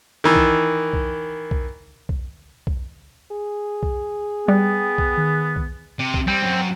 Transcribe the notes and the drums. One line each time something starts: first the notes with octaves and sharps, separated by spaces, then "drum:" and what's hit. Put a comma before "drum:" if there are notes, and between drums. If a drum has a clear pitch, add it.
D#3 E3
drum: kick B1
drum: kick B1
drum: kick B1
drum: kick B1
drum: kick B1
G#4
drum: kick B1
G3 B3 G5
drum: kick B1
D#3
drum: kick B1
C3 G4
drum: kick B1
G3 C4
F#2